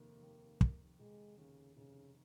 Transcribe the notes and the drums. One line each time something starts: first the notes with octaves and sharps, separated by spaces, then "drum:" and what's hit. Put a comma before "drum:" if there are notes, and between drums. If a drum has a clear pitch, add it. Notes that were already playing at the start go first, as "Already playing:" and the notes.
Already playing: F1 D#2 A#3
D#2
F1, drum: kick
F1 G#3
D#2 C#3
F1 C#3